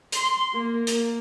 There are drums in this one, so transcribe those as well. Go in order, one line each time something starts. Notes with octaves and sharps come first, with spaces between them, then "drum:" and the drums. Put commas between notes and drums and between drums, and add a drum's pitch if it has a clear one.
C6, drum: hi-hat
A#3
A#3, drum: hi-hat